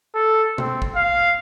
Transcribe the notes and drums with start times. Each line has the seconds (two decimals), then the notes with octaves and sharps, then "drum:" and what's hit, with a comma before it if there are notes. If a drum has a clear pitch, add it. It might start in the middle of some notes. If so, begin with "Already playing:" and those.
0.15 A4
0.58 C4, drum: tom B2
0.82 drum: kick
0.95 F5